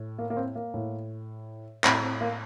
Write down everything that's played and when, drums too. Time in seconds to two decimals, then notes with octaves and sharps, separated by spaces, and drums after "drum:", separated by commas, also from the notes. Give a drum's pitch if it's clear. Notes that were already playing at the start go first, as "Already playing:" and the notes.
Already playing: A2
0.19 A#3
0.30 A#3
0.37 C4
0.55 A#3
0.74 A2
1.84 A2 C4, drum: clap
2.02 C4
2.21 A#3